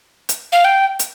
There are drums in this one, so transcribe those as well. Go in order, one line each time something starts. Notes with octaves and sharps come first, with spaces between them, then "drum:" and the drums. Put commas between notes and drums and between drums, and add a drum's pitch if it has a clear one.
drum: hi-hat
F5
G5
drum: hi-hat